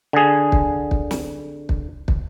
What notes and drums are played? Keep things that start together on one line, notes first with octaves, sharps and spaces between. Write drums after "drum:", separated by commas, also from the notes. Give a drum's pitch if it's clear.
D3 G#4
drum: kick
drum: kick
drum: snare
drum: kick
drum: kick